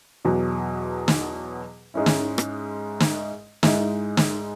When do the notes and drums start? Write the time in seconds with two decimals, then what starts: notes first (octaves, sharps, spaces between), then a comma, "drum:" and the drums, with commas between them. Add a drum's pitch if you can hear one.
0.25 E2 B2 F#3
1.08 drum: snare
1.94 G#2 G#3 C#4 E4
2.06 drum: snare
2.38 drum: rim click
3.00 drum: snare
3.63 G#2 G#3 E4, drum: snare
4.17 drum: snare